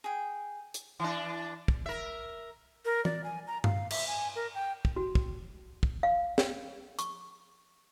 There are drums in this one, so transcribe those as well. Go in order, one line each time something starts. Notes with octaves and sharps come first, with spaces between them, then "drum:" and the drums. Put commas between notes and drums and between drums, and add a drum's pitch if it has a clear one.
G#4 G5
drum: hi-hat
E3 D4
drum: kick
A#4 E5
A#4
D5, drum: tom E3
G#5
A#5
F5, drum: tom G2
E5, drum: cymbal
G#5
A#4
G5
drum: kick
F#4
drum: kick
drum: kick
F5
drum: snare
C#6, drum: hi-hat